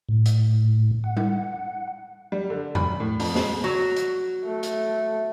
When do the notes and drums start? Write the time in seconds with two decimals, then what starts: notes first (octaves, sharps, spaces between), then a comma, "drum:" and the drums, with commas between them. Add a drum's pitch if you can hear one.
0.09 A2
0.26 drum: hi-hat
1.04 F#5
1.17 drum: tom G3
2.32 G3
2.50 D3
2.75 B5, drum: tom E2
3.00 A2
3.20 F2, drum: open hi-hat
3.35 G#3, drum: snare
3.64 F#3
3.96 drum: hi-hat
4.46 A3
4.63 drum: hi-hat